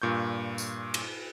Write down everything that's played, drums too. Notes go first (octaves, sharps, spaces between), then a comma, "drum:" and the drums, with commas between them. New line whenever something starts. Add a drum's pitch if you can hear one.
G2 A#2 C#6 G6
drum: tambourine
drum: cymbal